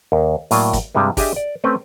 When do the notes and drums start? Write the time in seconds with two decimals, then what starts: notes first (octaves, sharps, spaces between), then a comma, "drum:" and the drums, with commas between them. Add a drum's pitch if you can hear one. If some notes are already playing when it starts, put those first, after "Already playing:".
0.12 D#2
0.51 A2 F#3 A#3 D5 F5, drum: open hi-hat
0.73 drum: kick, hi-hat
0.95 G2 C3 G3 G#3
1.17 D4 G4 G#4 D#5 E5, drum: kick, open hi-hat
1.36 D5
1.64 A3 C4 C#4 B4 G5